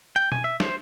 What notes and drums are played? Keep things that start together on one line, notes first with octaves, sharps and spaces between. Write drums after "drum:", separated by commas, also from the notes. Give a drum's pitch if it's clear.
G5
G#5, drum: tom B2
E5
C5, drum: snare